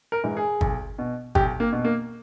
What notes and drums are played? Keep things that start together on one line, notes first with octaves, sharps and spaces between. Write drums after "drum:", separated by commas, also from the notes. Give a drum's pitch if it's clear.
A#4
G#2 E3
G#4
B1, drum: kick
B2
B1 G4, drum: kick
A#3
B2
A#3